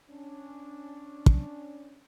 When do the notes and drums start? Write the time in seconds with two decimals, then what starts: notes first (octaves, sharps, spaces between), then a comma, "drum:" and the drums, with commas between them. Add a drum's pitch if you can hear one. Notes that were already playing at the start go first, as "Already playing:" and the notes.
0.10 C#4 D4
1.26 drum: kick